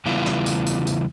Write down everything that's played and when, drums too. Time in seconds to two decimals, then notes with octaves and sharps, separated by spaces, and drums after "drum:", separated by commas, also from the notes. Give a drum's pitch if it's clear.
0.06 E2 C#3 G3 B3 E4 F4
0.26 drum: snare
0.46 drum: tambourine
0.67 drum: tambourine
0.87 drum: tambourine